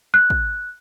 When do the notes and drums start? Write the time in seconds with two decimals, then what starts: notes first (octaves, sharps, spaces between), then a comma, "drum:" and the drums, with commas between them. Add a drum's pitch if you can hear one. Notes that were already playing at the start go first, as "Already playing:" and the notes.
0.14 F#6
0.30 drum: kick